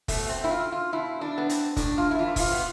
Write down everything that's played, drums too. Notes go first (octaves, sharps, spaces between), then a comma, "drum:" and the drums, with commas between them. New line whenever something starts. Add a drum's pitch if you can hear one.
B2 A3, drum: kick F1, open hi-hat
C4
E4
F4
F4
B2 E4
D4
B3
C4, drum: hi-hat
A2 D4, drum: kick F1, hi-hat
F4
E4
E3 F4
E4, drum: kick F1, open hi-hat
F4
B3